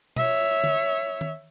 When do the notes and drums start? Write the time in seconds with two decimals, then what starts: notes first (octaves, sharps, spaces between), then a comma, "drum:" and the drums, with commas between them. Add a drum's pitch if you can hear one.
0.16 C#5 E5, drum: tom B2
0.64 drum: tom
1.21 drum: tom D#3